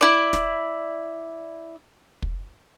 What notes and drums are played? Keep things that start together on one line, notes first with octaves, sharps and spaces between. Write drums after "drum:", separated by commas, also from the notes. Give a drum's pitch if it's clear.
E4 D5
drum: snare
drum: kick